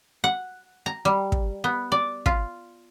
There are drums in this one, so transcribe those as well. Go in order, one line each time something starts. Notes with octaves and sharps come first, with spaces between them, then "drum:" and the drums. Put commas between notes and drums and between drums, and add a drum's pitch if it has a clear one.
F#5
A#5
G3
drum: kick
B3
D5
F4, drum: kick